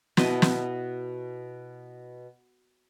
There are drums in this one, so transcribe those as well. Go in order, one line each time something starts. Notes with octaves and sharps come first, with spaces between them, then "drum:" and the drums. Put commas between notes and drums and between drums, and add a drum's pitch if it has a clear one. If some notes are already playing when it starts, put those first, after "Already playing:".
B2 E4 D#5 A5, drum: snare
drum: snare